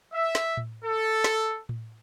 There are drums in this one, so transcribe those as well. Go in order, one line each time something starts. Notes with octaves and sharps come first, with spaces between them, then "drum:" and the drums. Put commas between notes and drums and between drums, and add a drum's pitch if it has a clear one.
E5
drum: snare
drum: tom A2
A4
drum: snare
drum: tom A2